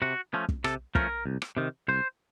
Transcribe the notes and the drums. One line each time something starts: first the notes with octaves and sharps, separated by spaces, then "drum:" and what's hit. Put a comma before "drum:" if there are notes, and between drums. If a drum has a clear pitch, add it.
C3 F#4
F3 A3 C#4
drum: kick
C3 A4, drum: rim click
F3 A3 C#4 A#4, drum: kick
C2
drum: rim click
C3 D#3
C2 C5